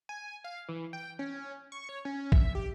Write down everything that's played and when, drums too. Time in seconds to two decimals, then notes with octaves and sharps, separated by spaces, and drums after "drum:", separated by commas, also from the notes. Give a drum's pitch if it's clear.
0.09 G#5
0.44 F5
0.69 E3
0.93 G5
1.19 C#4
1.72 C#6
1.89 C#5
2.05 C#4
2.32 E5, drum: kick
2.55 G4